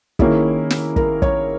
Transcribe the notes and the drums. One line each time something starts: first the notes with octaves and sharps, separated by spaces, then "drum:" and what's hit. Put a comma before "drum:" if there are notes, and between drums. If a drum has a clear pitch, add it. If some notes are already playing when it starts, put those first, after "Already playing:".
D#3 A#3 C#4 E4 G#4, drum: kick
drum: snare
A#4, drum: kick
C#5, drum: kick